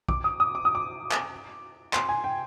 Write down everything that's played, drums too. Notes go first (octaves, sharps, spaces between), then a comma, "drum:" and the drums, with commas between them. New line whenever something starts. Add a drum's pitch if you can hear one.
D6, drum: kick
D#6
D#6
D6
D#6
D6
drum: clap
C6, drum: clap
G#5
G5